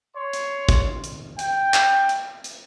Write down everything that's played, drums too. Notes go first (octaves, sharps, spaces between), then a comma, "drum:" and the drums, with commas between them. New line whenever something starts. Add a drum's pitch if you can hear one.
C#5 C6
drum: hi-hat
drum: kick, hi-hat
drum: hi-hat
G5, drum: hi-hat
drum: clap
drum: hi-hat
drum: hi-hat